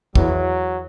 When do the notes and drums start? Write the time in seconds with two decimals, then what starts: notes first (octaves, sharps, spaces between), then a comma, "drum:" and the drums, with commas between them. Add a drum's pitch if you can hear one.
0.15 E2 F#3, drum: kick